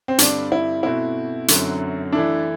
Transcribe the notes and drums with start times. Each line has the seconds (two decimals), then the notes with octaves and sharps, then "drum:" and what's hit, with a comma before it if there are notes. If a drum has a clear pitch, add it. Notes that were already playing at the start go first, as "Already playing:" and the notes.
0.08 C4
0.18 G2 D3 G3 C4 D4, drum: hi-hat
0.52 E4
0.83 B2 A3 C4 E4 F#4
1.48 F#2 D3 F#3 C4, drum: hi-hat
2.12 E3 A3 D4 E4